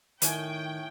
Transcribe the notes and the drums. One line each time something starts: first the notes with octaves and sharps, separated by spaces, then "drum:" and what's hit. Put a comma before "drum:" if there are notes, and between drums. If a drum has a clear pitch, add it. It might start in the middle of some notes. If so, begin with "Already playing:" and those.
A2 D#3 C#5 G5 G#5, drum: hi-hat